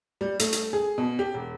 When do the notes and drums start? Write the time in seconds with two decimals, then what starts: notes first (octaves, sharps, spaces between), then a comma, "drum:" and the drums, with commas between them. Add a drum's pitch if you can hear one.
0.21 G3
0.39 A3, drum: hi-hat
0.53 drum: hi-hat
0.73 G#4
0.98 B2
1.19 G4
1.34 E1